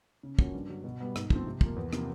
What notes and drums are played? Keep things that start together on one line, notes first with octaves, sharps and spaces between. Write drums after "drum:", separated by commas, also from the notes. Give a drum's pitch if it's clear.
C#3
F3 A#3 C#4 F#4, drum: kick
G2
D3 F#3
B2
G3 B3
G#2, drum: rim click
F3 A3 C4, drum: kick
C3
F3 A#3, drum: kick
E2
C3 F3 A#3, drum: rim click